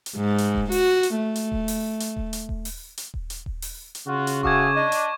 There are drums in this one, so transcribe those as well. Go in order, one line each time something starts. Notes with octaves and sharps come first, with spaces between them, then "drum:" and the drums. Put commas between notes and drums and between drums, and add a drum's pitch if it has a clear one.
drum: hi-hat
G#2
drum: hi-hat
drum: kick D#1
F#4, drum: open hi-hat
drum: hi-hat
A3
drum: hi-hat
drum: kick D#1
drum: open hi-hat
drum: hi-hat
drum: kick D#1
drum: hi-hat
drum: kick D#1
drum: open hi-hat
drum: hi-hat
drum: kick D#1
drum: hi-hat
drum: kick D#1
drum: open hi-hat
drum: hi-hat
C#3 F4 F#4
drum: hi-hat
A3 F#4 G#4 F5 C#6 D6 G#6, drum: kick D#1
D4 D#5
drum: hi-hat